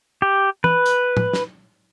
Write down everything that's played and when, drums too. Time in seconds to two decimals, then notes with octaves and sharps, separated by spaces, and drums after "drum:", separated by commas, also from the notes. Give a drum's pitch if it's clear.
0.22 G4
0.64 B4, drum: tom
0.86 drum: hi-hat
1.17 drum: tom A2
1.33 drum: snare